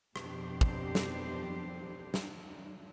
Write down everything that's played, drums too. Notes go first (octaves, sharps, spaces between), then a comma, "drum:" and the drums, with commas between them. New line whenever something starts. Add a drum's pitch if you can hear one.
F2 B2 D4 G4 C5, drum: rim click
drum: kick
drum: snare
drum: snare